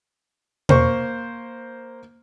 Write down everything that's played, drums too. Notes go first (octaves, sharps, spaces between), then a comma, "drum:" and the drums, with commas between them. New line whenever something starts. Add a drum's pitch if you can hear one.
A#3 C5 C#6, drum: tom B2